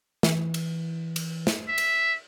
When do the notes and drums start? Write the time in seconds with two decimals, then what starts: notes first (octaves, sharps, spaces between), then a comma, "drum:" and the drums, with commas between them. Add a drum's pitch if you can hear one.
0.23 E3, drum: snare
0.54 drum: cymbal
1.16 drum: cymbal
1.47 drum: snare
1.69 E5
1.78 drum: cymbal